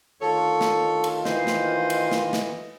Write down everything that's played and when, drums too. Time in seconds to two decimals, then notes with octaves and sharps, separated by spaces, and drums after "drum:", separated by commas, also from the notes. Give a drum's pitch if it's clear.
0.21 D2 D#3 F4 A4 C#5
0.61 drum: snare
1.04 drum: cymbal
1.25 E3 C5 D#5, drum: snare
1.47 drum: snare
1.90 drum: cymbal
2.11 drum: snare
2.33 drum: snare